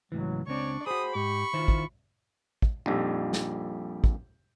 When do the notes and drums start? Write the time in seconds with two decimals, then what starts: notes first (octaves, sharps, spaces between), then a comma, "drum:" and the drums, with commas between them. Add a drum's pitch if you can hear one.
0.12 C#2 A2 E3 F#3
0.47 C#2 C4 D4 C#5 D5 C#6
0.87 F#4 G#4 C5 B5 D#6
1.15 G#2 G4 C#6
1.53 D#3 E4 F4 C5
1.68 drum: kick
2.62 drum: kick
2.86 A#1 F2 G3 D#4 G4
3.33 drum: snare
4.04 drum: kick